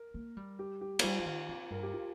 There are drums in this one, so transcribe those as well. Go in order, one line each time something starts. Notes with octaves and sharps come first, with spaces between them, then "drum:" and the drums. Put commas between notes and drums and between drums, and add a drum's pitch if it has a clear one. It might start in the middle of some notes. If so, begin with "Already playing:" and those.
Already playing: A#4
A#3
G3
G4
G4
A#3, drum: cymbal
G3 F4
F3
D#3
C3
G2 A#4
G4
F4